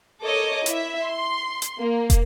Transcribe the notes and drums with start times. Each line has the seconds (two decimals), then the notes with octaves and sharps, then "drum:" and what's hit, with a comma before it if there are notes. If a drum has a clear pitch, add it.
0.22 A4 A#4 C#5 D#5 D6
0.66 E4 E5, drum: hi-hat
1.04 C6
1.62 drum: hi-hat
1.78 A#3
2.10 drum: kick, hi-hat